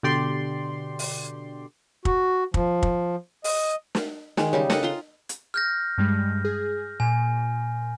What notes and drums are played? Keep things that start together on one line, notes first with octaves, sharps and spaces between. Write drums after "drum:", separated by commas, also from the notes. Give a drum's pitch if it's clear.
B2 D3 G4 D5 C6
drum: open hi-hat
F#4, drum: kick
F3, drum: kick
drum: kick
D#5, drum: open hi-hat
drum: snare
D#3 G#3, drum: snare
C#3 G3 D#4
A4 D#5 F#5, drum: snare
F4 A#5 C6
drum: hi-hat
F6 G6 A#6
G2 G3 G#3
G#4
A#2 G#5